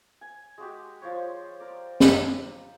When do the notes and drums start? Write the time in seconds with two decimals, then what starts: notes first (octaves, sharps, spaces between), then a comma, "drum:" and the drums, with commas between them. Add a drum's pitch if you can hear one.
0.21 G#5
0.58 G#3 F#4 G4
1.02 F3 C5 C#5
1.60 A#4 D5
2.00 drum: snare